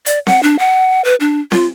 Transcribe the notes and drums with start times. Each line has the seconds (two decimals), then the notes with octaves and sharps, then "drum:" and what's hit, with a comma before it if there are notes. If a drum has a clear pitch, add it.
0.06 D5, drum: hi-hat
0.27 F#5, drum: snare C4
0.43 D4
0.59 F#5
1.05 B4
1.20 D4
1.52 F4, drum: snare C4